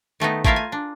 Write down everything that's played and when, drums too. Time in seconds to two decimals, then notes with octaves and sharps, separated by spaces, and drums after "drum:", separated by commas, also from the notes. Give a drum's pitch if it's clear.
0.20 D#3 A3 B3 D#4
0.45 A3 E4 F4 A#4 E5 F5, drum: kick
0.56 G#5
0.72 D4